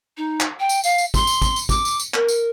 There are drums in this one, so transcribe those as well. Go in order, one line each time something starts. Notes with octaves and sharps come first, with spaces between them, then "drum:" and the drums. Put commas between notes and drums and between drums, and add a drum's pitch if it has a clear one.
D#4
drum: clap
G5
drum: tambourine
F5, drum: tambourine
drum: tambourine
C6, drum: kick, tambourine
drum: tambourine
drum: kick, tambourine
drum: tambourine
D6, drum: kick, tambourine
drum: tambourine
drum: tambourine
A#4, drum: clap
drum: tambourine